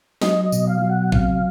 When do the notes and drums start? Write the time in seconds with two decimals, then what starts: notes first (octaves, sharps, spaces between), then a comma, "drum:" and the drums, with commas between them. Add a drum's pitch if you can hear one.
0.22 F#3 D#5, drum: snare
0.45 D#5
0.52 B2, drum: tambourine
0.67 F5
0.82 F#3
0.89 F#5
1.12 C3 F5, drum: kick G#1